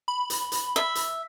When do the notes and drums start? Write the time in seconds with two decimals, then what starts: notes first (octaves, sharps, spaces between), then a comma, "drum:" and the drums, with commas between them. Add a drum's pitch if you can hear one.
0.08 B5
0.30 drum: hi-hat
0.52 drum: hi-hat
0.76 E5
0.95 drum: hi-hat